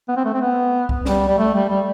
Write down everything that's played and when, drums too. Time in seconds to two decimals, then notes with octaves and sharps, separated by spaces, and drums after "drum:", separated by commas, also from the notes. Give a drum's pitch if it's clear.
0.08 B3
0.16 C4
0.25 A3
0.33 C4
0.41 B3
0.89 drum: kick C2
1.06 G3, drum: snare
1.28 G3
1.38 A3
1.54 G3
1.69 G3